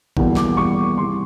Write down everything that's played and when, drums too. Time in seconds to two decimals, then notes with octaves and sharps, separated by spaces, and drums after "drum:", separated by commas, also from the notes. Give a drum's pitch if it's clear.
0.17 E2 B2 G3 A#3, drum: kick A1
0.37 D6, drum: snare
0.57 E2 B2 G3 A#3 C#6
0.97 C2 C3 D#3 G3 C6